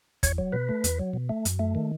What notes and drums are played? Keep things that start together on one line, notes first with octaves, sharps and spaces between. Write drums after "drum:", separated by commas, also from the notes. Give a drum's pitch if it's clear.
E2 C#5, drum: kick, hi-hat
F#3
B2 B4
A3
E2, drum: hi-hat
F#3
B2
A3
F#2, drum: hi-hat
A3
D#3